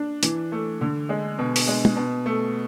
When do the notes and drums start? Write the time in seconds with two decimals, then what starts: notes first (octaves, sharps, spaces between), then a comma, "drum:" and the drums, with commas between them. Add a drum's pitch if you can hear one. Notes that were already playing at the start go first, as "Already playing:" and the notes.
Already playing: D4
0.23 E3, drum: hi-hat
0.52 A3
0.81 D3
1.09 G#3
1.38 B2
1.56 drum: open hi-hat
1.68 G#3
1.85 drum: tom
1.96 B2
2.26 A3